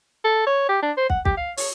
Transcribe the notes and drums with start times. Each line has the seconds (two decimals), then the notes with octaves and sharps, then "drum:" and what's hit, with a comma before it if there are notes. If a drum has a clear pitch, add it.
0.24 A4
0.46 C#5
0.69 G4
0.82 D4
0.97 C5
1.10 F#5, drum: kick
1.25 G4, drum: kick
1.37 F5
1.57 C#5, drum: open hi-hat